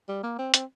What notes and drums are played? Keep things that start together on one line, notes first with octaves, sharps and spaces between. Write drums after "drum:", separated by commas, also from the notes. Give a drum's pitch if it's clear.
G3
A#3
C4
C4, drum: hi-hat